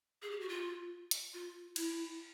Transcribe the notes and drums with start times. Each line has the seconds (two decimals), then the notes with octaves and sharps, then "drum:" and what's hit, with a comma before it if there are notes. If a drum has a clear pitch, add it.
0.22 G#4
0.31 G4
0.40 F#4
0.49 F4
1.11 drum: hi-hat
1.34 F4
1.76 E4, drum: cymbal